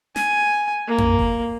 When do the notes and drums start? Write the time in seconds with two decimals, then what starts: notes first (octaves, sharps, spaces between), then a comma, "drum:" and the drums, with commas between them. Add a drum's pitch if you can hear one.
0.16 G#5, drum: snare
0.87 A#3
0.98 drum: tom F2
1.19 drum: kick F#1